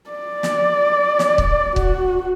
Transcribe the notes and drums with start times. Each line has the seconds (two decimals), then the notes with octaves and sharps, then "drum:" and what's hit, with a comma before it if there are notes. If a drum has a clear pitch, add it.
0.10 D5
0.43 drum: snare
1.19 drum: snare
1.38 drum: kick C#1
1.76 F#4, drum: kick C#1